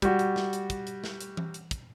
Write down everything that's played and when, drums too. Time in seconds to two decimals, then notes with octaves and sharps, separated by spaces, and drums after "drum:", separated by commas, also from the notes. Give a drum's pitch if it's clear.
0.02 G3 F#4, drum: kick, hi-hat
0.19 drum: hi-hat
0.36 drum: snare
0.53 drum: hi-hat
0.70 drum: kick, hi-hat
0.87 drum: hi-hat
1.04 drum: snare
1.21 drum: hi-hat
1.37 drum: tom E3
1.54 drum: hi-hat
1.71 drum: kick, hi-hat